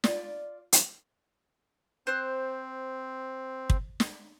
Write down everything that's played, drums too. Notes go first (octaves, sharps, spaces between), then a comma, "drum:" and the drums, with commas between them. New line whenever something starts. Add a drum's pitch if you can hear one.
F4 D5, drum: snare
drum: hi-hat
C4 C5 F#6
drum: kick
drum: snare